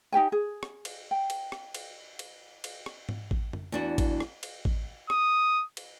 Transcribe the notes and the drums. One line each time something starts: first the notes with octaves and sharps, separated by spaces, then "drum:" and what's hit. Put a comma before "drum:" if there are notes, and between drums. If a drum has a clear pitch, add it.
D#4 G4 G5 G#5
G#4
drum: rim click
drum: cymbal
G5
drum: cymbal
drum: rim click
drum: cymbal
drum: cymbal
drum: cymbal
drum: rim click
drum: tom G#2
drum: kick A1
drum: tom F#2
E2 D4 F#4
drum: kick A1, cymbal
drum: rim click
drum: cymbal
drum: kick A1
D#6, drum: rim click
drum: cymbal